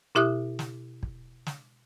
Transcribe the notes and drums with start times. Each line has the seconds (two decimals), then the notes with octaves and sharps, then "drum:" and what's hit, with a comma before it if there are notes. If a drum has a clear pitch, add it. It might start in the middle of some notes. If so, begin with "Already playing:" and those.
0.15 B2 E4 G4 E5 D#6 F#6
0.59 drum: snare
1.03 drum: kick
1.47 drum: snare